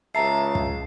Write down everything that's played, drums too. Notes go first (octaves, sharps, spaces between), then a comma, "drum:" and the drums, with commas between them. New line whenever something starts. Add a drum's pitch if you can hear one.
C#2 E5 A5 A#5 C7
drum: kick